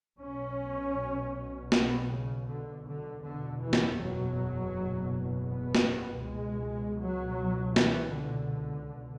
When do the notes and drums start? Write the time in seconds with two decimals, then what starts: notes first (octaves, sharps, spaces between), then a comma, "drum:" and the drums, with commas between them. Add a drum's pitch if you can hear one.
0.20 B1 B2 C#4
1.72 B3, drum: snare
2.09 C#3
2.46 D3
2.85 D3
3.22 F#1 E2 B2 D3
3.60 E3
3.73 drum: snare
3.99 F#3
5.49 B3
5.75 drum: snare
6.24 C#2 B2 G#3
7.01 F#3
7.76 E3, drum: snare
8.14 D3